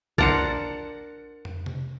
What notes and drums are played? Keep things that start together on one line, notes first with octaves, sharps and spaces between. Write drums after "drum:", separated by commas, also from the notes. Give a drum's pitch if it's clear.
D4 A#4 C5 F#5 A6 C#7, drum: kick A#1
drum: tom
drum: tom C3